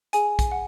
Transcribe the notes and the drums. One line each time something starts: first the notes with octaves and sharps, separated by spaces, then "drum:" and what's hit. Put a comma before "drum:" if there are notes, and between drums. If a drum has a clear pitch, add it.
G#4 G#5, drum: hi-hat
drum: kick, hi-hat
F#5